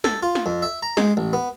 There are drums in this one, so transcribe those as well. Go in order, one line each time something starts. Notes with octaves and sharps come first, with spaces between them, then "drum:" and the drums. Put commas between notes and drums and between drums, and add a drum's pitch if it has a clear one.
A4, drum: snare
F4
drum: snare
F2
E5
A#5
G#3, drum: snare
A1
B3